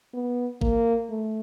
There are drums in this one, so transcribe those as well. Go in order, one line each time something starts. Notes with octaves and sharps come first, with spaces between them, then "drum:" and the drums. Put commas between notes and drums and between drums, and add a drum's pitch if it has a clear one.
B3
A#3, drum: kick G#1
A3